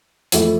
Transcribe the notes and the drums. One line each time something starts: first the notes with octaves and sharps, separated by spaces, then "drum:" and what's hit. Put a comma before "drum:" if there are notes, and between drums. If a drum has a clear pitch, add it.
F2 E3 A3 E4, drum: hi-hat